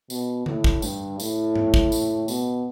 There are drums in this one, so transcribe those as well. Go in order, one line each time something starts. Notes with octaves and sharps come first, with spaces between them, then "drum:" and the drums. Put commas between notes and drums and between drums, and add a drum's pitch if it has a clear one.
B2, drum: tambourine
A2, drum: tom D3
drum: kick
G2, drum: tambourine
A2, drum: tambourine
drum: tom G#2
drum: kick
drum: tambourine
B2, drum: tambourine